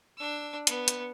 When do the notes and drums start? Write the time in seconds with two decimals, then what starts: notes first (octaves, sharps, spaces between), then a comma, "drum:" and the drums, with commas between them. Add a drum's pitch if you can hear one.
0.18 D4 E6
0.67 B3, drum: hi-hat
0.88 drum: hi-hat